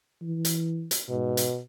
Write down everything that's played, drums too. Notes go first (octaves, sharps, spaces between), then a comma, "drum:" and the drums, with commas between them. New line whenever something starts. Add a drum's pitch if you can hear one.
E3
drum: hi-hat
drum: hi-hat
G#2 B2
drum: hi-hat